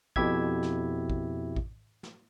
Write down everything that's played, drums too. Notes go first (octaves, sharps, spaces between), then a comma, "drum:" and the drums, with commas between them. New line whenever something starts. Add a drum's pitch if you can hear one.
F2 B2 E4 G4 E5 G#6, drum: kick
drum: snare
drum: kick
drum: kick
drum: snare